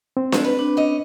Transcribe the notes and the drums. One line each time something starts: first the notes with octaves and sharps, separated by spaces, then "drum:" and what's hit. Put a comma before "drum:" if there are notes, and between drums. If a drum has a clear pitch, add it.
C4
E3 G#3 A3, drum: snare D4
B4
D4
C#4 D#5